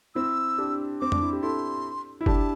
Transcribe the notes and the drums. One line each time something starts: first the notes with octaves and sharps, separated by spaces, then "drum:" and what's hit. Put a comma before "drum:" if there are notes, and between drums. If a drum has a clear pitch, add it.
C4 E4 E6
D4 G4
C4 D6
D4, drum: tom F2
E4
G4
E4 A4 C6
E4
D4 G4 A5, drum: kick F#1